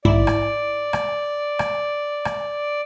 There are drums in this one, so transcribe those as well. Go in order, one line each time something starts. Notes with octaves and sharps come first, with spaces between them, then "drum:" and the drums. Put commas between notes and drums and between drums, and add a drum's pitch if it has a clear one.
G#2 E4 D5, drum: tom
drum: rim click
drum: rim click
drum: rim click
drum: rim click